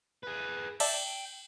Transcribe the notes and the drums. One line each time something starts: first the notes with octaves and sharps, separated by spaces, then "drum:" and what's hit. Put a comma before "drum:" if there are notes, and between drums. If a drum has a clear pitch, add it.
G#4 B4
D5 E5 G5 A5, drum: cymbal